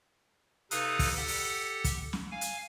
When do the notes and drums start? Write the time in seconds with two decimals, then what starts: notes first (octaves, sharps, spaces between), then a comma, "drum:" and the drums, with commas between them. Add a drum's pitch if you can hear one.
0.71 C3 D#4 A4 B4 F5 D#6, drum: hi-hat
0.99 drum: kick, open hi-hat
1.17 G4 A4 F#5
1.28 drum: open hi-hat
1.84 drum: kick, hi-hat
2.13 drum: snare
2.31 F5 G#5
2.41 drum: hi-hat